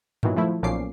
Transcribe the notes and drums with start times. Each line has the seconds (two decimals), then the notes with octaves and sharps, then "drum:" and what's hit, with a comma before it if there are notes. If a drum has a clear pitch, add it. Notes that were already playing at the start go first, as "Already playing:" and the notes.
0.23 A#2 D#3 E3 F#3 B3, drum: tom G2
0.37 F3 A3 E4
0.63 B1 A#2 F3 C#4 D6 C7